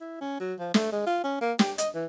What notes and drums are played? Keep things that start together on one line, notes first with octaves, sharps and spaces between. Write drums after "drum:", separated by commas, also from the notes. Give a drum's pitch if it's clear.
E4
C#4
F#3
F3
A3, drum: snare
G#3
F4
C#4
A#3
G4, drum: snare
D#5, drum: hi-hat
E3